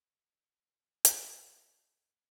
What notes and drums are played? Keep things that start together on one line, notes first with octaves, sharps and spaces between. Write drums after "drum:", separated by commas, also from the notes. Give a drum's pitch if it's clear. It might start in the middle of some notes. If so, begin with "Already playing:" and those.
G#4 C5
drum: hi-hat